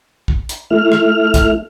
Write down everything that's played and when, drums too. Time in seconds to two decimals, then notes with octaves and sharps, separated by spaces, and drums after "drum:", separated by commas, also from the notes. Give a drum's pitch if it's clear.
0.28 drum: kick
0.49 drum: hi-hat
0.70 A3 E4 F6
0.92 drum: rim click
1.34 drum: kick, hi-hat